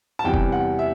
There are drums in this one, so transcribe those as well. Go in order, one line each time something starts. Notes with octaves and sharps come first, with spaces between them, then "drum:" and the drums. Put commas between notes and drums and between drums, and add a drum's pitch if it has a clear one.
A5
E2 C3 G3 G5
drum: kick
F#5
E5